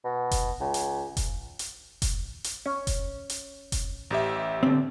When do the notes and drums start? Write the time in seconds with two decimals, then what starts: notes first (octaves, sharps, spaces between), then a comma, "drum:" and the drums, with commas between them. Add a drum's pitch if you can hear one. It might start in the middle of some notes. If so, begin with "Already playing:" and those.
0.05 B2
0.31 drum: kick F1, hi-hat
0.60 C#2
0.74 drum: hi-hat
1.17 drum: kick F1, hi-hat
1.59 drum: hi-hat
2.02 drum: kick F1, hi-hat
2.44 drum: hi-hat
2.66 C#4
2.87 drum: kick F1, hi-hat
3.30 drum: hi-hat
3.72 drum: kick F1, hi-hat
4.11 A1 G4 E5
4.63 D3 C4